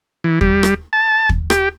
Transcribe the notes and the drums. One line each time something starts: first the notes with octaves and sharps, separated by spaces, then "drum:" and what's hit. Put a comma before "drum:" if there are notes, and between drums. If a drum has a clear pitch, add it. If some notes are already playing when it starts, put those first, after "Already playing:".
E3
G3, drum: kick
drum: rim click
A5
drum: kick
G4, drum: rim click